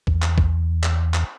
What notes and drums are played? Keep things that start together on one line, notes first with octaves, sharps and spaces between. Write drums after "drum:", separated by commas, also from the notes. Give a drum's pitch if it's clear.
E2, drum: kick
drum: clap
drum: kick
drum: clap
drum: clap